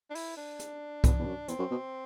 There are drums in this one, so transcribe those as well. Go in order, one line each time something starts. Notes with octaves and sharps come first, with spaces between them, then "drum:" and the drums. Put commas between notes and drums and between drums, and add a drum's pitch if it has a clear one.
D4
E4, drum: open hi-hat
D4
drum: hi-hat
E2, drum: kick C2, hi-hat
E2
F#2
E2 C4, drum: hi-hat
F#2
B2